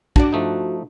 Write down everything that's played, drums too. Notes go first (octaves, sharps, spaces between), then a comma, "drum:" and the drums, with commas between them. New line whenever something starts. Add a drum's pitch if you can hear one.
D4 F#4 A4 D5, drum: kick
F3 A3 D#4